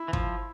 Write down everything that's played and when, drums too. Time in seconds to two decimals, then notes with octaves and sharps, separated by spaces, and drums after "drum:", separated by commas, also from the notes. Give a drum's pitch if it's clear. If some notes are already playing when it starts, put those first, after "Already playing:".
Already playing: E4
0.08 E3
0.13 F3, drum: kick